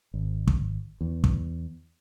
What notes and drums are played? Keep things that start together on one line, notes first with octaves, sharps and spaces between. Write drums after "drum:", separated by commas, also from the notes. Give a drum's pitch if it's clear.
G#1
drum: kick
E2
drum: kick